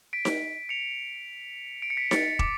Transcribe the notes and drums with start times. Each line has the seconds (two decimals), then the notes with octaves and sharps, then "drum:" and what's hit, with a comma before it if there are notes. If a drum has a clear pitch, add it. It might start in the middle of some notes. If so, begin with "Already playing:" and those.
0.13 B6 D7
0.25 drum: snare D#4
0.69 C#7 F7
1.82 D7
1.90 C#7
1.97 B6 D7
2.11 A6 C#7, drum: snare D#4
2.39 D6, drum: kick